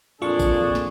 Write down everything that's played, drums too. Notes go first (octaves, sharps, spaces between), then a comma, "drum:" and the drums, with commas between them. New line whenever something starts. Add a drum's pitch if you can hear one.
F2 A#2 D4 F4 G#4 C#6
drum: kick A#1, tambourine
drum: snare